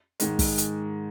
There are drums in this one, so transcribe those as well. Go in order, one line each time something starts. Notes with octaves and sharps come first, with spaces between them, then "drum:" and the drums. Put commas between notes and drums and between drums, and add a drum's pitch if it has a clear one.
G#2 D#3 G#3, drum: hi-hat
drum: kick, open hi-hat
drum: hi-hat